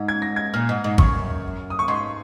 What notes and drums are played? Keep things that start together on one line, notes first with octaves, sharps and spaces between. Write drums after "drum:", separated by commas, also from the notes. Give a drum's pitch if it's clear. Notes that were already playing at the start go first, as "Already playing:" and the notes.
Already playing: G#2
G#6
A#6
G#6
A#2 F6
G#2
G#2
F#2 C#6, drum: kick G#1
D#6
C#6
G#2 C6